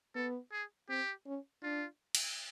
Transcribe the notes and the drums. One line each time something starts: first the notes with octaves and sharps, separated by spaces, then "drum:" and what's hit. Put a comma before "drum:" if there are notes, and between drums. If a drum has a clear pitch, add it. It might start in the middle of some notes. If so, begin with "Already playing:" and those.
B3 A4
G#4
C4 G4
C#4
D4 F4
drum: cymbal